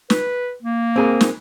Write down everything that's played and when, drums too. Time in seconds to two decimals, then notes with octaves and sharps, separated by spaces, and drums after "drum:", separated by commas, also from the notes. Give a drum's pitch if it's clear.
0.10 B4, drum: snare
0.62 A#3
0.96 C4 G#4 A#4
1.21 drum: snare